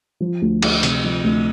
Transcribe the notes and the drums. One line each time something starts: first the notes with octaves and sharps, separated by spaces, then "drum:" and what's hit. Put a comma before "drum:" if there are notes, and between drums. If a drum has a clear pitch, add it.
F3
D2
D2, drum: cymbal
C3, drum: hi-hat
F3
D2